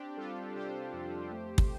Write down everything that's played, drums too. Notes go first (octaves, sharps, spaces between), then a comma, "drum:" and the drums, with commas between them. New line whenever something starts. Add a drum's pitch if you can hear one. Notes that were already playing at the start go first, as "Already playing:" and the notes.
Already playing: C4 D4 G4
G3 F4 A4
C3 G4 C5
F2
A3
drum: kick